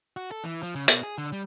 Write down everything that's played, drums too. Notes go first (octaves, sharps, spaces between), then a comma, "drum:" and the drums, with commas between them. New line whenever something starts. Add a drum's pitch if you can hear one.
F#4
A4
E3
F3
C#3
B2, drum: hi-hat
G#4
D3
G3